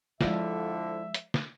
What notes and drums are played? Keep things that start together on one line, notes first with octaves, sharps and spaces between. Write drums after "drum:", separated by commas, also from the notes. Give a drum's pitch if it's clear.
F2 D3 F3 G#3 E4 F4 E5 F5, drum: snare
drum: hi-hat
drum: snare